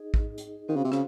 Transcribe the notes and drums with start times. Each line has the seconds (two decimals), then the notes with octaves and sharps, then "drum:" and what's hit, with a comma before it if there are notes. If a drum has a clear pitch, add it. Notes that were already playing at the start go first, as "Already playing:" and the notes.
Already playing: D#4 G#4 D#5
0.14 drum: kick A1
0.38 drum: hi-hat
0.68 D#3 C4 F#4 C5 F5
0.76 C#3
0.84 C3
0.92 C#3, drum: rim click